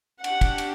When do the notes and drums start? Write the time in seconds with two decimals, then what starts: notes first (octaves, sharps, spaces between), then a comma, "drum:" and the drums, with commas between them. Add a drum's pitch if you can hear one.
0.24 D4 G4 F#5, drum: cymbal
0.41 drum: kick, cymbal
0.58 drum: cymbal